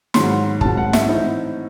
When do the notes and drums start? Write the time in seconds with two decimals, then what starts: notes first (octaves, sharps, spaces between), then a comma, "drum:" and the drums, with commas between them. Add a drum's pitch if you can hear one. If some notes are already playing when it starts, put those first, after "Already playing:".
0.14 G#2 D#3 F#3 C6, drum: snare
0.61 G#2 D#3 F#3 A5, drum: kick
0.77 F#5
0.93 E5, drum: snare
1.08 A2 E3 C4 D#4